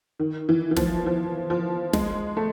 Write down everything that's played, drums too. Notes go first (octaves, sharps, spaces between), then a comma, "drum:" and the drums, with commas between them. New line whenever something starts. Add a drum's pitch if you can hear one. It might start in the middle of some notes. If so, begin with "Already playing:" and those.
D#3
E3
E3
F3, drum: snare
F3
F3
G#3, drum: snare
A3